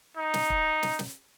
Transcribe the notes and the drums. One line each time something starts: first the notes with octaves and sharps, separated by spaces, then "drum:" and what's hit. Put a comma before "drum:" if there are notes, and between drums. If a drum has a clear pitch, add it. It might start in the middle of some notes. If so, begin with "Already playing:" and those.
D#4
drum: snare
drum: kick
drum: snare
drum: snare